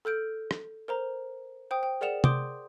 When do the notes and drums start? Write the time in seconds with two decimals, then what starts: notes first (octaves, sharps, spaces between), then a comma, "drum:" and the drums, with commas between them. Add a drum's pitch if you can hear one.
0.05 A4 F6 G6 D7
0.51 drum: rim click
0.88 A#4 C5 A#5
1.71 C5 G5 D#6
1.83 G5
2.01 G#4 A#4 D5 F#5 E7 F7
2.24 C6 D6 D#6 G6 D7, drum: tom C3